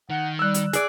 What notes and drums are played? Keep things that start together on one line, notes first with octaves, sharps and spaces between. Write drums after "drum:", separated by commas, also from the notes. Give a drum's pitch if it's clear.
D#3 F#5
G3 E6 F#6
drum: hi-hat
G#4 D5, drum: hi-hat